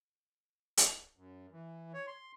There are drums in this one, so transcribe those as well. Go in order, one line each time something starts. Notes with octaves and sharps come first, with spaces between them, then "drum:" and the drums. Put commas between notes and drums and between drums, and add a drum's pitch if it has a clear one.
drum: hi-hat
F#2
E3
C#5
C6